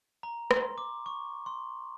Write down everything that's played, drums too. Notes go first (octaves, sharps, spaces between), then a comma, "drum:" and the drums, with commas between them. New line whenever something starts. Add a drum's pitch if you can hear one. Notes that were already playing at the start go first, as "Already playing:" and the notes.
A#5
C6, drum: rim click
D6
C#6
C6